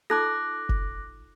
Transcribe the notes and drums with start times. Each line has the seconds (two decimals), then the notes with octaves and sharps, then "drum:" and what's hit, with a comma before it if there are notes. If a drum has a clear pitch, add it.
0.10 D#4 F4 A4 D6 F#6 A#6
0.69 drum: kick